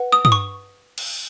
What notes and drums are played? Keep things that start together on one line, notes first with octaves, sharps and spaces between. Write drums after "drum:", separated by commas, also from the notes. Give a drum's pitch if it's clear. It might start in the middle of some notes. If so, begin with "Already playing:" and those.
Already playing: B4 F#5
D#6
D#6, drum: tom
C#6
drum: cymbal